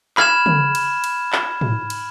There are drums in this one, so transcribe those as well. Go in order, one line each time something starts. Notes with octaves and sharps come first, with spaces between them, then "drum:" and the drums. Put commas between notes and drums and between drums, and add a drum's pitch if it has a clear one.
B5 F6 G#6 E7, drum: clap
drum: tom
drum: cymbal
drum: cymbal
drum: clap
drum: tom G#2
drum: cymbal